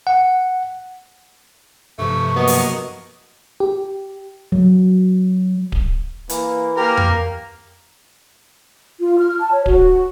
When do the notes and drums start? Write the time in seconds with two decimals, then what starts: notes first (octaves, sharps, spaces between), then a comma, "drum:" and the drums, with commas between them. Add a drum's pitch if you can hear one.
0.07 F#5
1.99 G2 C3 F3 A3 C#6
2.36 F#3 A#3 B3 D#5
2.47 drum: open hi-hat
3.60 G4
4.52 F#3
5.72 drum: kick D1
6.29 E3 A#3, drum: hi-hat
6.77 A#3 G4 A#4 F6
6.97 drum: tom F2
9.00 F4
9.18 F6
9.40 A5
9.52 C#5
9.66 F#4, drum: kick D1